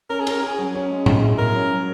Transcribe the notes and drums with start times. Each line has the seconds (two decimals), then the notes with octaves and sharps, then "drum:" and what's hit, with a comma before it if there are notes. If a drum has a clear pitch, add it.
0.10 C#4 A#4
0.20 G#4
0.27 C#4 A#4, drum: cymbal
0.42 C#4 G#4
0.59 F#3
0.75 C#4
0.90 G#3
1.06 G#3, drum: tom A2
1.22 E4
1.38 F#3 A#4
1.55 C#4
1.70 F#3